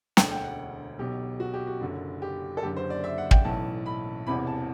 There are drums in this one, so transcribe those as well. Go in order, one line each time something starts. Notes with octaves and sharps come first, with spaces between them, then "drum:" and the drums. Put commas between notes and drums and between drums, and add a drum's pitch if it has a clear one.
E1 D2 D3 G5, drum: snare
G5
F#5
B1 B2 G4
F#4
G4
F#4
F#1 F#2 D3
G4
A4
F#1 F#2 D3 G4
C5
D5
E5
F#5
G5, drum: kick
B1 A2 E3 A5
B5
E1 E2 C3 E3 B5
A5